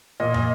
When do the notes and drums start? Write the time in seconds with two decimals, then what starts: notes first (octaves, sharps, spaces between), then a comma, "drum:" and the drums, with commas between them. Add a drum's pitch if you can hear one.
0.20 A#2 D#5
0.34 D#5, drum: tom